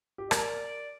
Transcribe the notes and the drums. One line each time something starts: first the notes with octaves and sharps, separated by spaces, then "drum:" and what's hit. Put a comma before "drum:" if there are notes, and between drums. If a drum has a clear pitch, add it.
G4
A#4 D5, drum: rim click